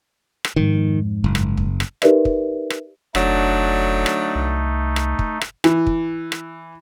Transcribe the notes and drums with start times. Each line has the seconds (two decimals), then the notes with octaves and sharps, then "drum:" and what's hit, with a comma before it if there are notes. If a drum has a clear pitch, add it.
0.45 drum: rim click
0.56 F2 G#2 D#3
1.24 F#1
1.35 drum: rim click
1.57 drum: kick
1.80 drum: rim click
2.02 D#4 G4 A#4 B4 D5 E5, drum: rim click
2.25 drum: kick
2.70 drum: rim click
3.15 F1 D3 F#3 A3 D4 D#4, drum: rim click
4.06 drum: rim click
4.35 C2
4.96 drum: rim click
5.19 drum: kick
5.41 drum: rim click
5.64 E3, drum: rim click
5.87 drum: kick
6.32 drum: rim click